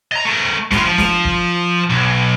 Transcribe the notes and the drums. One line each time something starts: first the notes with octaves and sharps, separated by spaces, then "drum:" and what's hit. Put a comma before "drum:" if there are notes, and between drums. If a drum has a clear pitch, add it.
D#5 A#5
A3 A#4
A2 F4, drum: snare
F3
drum: snare
drum: kick
B1